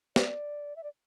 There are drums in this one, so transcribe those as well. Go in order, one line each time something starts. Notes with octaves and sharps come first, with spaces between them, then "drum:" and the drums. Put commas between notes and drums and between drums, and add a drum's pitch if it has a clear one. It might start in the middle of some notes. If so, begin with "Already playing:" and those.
D5, drum: snare
E5
D5